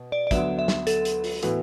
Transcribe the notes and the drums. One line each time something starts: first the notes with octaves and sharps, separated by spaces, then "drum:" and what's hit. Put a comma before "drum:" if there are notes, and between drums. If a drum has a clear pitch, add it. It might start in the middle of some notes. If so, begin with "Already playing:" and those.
Already playing: B2
D5
D5
D2 D3 F#3 B3 E5, drum: kick, hi-hat
E5
drum: snare
A4, drum: hi-hat
drum: hi-hat
drum: open hi-hat
A2 E3 B3 F#4, drum: hi-hat